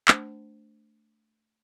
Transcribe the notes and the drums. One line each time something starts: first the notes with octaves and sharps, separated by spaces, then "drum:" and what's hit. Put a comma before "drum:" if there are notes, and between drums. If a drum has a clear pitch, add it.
A3 D4 C5 A5, drum: clap